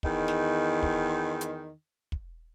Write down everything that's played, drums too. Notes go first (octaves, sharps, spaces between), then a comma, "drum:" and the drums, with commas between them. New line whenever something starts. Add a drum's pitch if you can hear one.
E2 D#3, drum: kick
drum: snare
drum: kick
drum: hi-hat
drum: kick